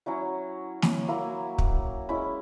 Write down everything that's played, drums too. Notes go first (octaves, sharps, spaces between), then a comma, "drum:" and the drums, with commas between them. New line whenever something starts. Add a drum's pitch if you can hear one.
F#3 C#4 E4 F#5
drum: snare
F#3 A#3 E4
drum: kick
G#3 C#4 E4 B5